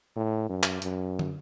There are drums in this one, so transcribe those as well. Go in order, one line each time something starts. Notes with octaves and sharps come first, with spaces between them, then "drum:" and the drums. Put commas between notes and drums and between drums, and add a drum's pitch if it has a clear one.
A2
F#2
drum: clap
F#2, drum: hi-hat
drum: tom